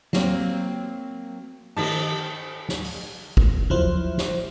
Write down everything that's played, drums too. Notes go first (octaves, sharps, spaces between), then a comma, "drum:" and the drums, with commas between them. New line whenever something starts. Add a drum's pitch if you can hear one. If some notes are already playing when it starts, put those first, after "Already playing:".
F#3 A#3 C4, drum: snare
D#3 D#4 A5, drum: cymbal
drum: snare
drum: open hi-hat
drum: kick
F3 F#3 E4 C5, drum: tom E2
drum: snare